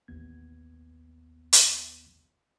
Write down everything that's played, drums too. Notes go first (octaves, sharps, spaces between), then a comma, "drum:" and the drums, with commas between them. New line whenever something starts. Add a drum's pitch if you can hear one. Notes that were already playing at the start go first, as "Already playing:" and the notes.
A1 D#2 B3 G#6
drum: hi-hat